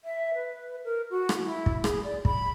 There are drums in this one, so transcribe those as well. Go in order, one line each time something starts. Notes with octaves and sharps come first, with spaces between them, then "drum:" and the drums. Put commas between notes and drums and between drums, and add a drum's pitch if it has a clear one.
E5
B4
A#4
F#4
drum: rim click
E4
drum: kick
G#4, drum: rim click
D5
B5, drum: kick